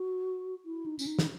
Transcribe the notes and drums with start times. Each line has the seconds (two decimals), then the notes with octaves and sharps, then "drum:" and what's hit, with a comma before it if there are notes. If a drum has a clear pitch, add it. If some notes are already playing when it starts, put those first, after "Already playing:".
Already playing: F#4
0.65 E4
0.86 D#4
0.99 C#4, drum: tambourine
1.07 D#4
1.19 drum: snare